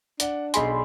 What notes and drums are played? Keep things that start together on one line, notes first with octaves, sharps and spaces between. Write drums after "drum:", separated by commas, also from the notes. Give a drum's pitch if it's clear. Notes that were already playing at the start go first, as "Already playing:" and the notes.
D4 D5 F#5, drum: hi-hat
B1 G#4 D5 D#5 G#5 B5 C6, drum: hi-hat